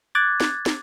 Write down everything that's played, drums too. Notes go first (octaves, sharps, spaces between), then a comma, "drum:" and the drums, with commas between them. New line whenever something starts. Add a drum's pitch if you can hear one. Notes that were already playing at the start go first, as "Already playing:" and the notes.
D6 F#6 G#6 A6
drum: snare
drum: snare